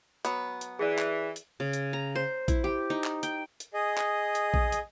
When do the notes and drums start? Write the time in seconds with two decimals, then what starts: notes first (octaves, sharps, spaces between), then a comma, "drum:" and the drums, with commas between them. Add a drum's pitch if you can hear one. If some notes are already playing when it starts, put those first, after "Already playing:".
0.25 F#3 B3, drum: hi-hat
0.61 drum: hi-hat
0.79 E3 G#4 D5
0.99 drum: clap
1.36 drum: hi-hat
1.60 C#3
1.73 drum: hi-hat
1.93 A#5
2.15 C5
2.48 E4, drum: kick A#1, hi-hat
2.64 G4
2.90 D#4
3.04 drum: clap
3.23 G5, drum: hi-hat
3.60 drum: hi-hat
3.74 G#4 D#5
3.98 drum: clap
4.35 drum: hi-hat
4.54 drum: kick A#1
4.72 drum: hi-hat